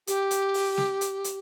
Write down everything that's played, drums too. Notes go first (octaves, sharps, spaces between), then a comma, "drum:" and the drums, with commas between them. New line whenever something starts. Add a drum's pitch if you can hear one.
G4, drum: hi-hat
drum: hi-hat
drum: open hi-hat
drum: snare
drum: hi-hat
drum: hi-hat